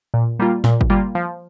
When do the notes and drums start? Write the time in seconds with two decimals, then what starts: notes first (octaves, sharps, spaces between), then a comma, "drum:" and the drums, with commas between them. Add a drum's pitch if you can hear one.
0.14 A#2
0.39 G3 A#3 F4
0.64 A#2, drum: snare
0.81 drum: kick
0.90 G3 A#3 F4
1.15 F3